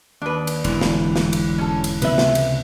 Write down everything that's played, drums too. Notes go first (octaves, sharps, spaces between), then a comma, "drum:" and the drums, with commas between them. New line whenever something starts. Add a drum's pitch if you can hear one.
D#2 D4 B4
drum: cymbal
E1 G#2 D3 E3, drum: cymbal
drum: snare
drum: snare
drum: cymbal
C#4 A4
drum: cymbal
C#2 C3 B3 B4 E5, drum: cymbal
drum: snare
drum: cymbal